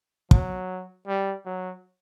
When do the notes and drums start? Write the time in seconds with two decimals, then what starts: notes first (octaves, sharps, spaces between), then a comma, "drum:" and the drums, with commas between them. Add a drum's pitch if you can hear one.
0.31 F#3, drum: kick
1.07 G3
1.46 F#3